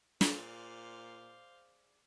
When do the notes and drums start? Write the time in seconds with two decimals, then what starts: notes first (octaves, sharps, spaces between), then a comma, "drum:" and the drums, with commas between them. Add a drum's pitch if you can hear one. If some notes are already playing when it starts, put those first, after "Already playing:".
0.21 A#2 G#4 C5 D5 F5, drum: snare